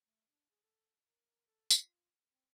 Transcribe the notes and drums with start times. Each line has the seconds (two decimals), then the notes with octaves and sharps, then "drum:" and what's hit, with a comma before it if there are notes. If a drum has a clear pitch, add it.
0.04 A3
0.28 D4
0.50 G#4
0.63 A4
1.05 A#4
1.47 A4
1.71 F4, drum: tambourine
2.30 C4